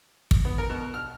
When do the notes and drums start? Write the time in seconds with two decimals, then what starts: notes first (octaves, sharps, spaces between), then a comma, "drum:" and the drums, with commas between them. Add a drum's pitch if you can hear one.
0.31 drum: kick
0.45 B3
0.58 A#4
0.70 B2
0.94 F6